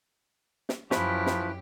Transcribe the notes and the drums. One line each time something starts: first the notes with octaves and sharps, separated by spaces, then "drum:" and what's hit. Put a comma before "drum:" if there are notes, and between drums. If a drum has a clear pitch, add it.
drum: snare
F#2 F3 C#4 E4 G4 B4, drum: snare
drum: snare